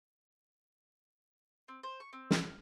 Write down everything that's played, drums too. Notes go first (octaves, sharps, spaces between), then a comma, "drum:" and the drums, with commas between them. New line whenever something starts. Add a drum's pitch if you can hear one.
C4
C5
C#6
C4
drum: snare
F6